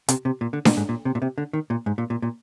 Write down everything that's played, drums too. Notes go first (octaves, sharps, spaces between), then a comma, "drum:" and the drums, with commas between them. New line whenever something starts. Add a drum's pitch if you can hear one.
C3, drum: hi-hat
C3
A#2
D3
A#2, drum: snare D4
G#2
A#2
C3
A#2
C3
D3
D#3
A#2
G#2
A#2
A#2
A#2